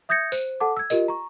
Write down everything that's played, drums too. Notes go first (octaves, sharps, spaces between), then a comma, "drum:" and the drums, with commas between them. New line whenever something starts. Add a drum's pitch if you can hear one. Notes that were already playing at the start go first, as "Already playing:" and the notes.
E5 D#6 G6 G#6 A#6 C#7
C5, drum: tambourine
A4 F#5 A5 D6
E6 G#6
F4 G4 A#4 D#5, drum: tambourine
A#5 C#6